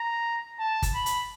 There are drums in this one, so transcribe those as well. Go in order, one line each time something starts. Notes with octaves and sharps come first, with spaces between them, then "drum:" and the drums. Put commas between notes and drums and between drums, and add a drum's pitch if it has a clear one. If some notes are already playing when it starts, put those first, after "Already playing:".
Already playing: A#5
A5
drum: kick, hi-hat
B5
drum: hi-hat